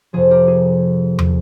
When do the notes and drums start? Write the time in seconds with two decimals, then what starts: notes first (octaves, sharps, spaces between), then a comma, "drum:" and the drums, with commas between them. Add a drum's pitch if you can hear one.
0.13 F2 C3 F3 G#4
0.31 G4 A#4
0.48 G#4
1.19 drum: tom